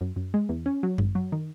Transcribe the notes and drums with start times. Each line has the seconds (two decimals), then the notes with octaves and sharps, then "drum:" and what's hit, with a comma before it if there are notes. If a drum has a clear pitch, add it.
0.01 F#2
0.16 F#2
0.34 G#3
0.49 E2
0.66 C#4
0.83 F#3
0.98 G#1, drum: tom F#2
1.15 F#3
1.32 D#3